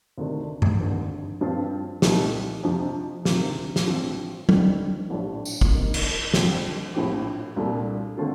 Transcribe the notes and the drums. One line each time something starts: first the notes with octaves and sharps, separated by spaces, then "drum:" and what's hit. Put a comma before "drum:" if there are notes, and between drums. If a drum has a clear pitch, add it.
D2 C3 D#3 A3 D4
drum: tom
F1 D#2 D3
G2 F3 C4 F4
C2 A#2 A3 D#4 G4, drum: snare
F2 C3 F3
D2 C3 D#3, drum: snare
drum: snare
A1 A2 F3 C4
F2 D3 G3 C4 D#4, drum: tom
A#1 A2 A3 D4 G4
drum: tambourine
drum: kick
C3 D#3 A#3 D#4
drum: cymbal
F2 D3 G3 C4, drum: snare
A#1 A2 F3 C4 G4
C2 A#2 G3 D4 A4
D3 A3 C4 F4